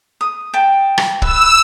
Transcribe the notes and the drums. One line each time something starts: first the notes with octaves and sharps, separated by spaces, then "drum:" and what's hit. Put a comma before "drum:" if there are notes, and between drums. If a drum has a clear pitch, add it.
D#6
G5 A5
drum: rim click
B4 E6, drum: kick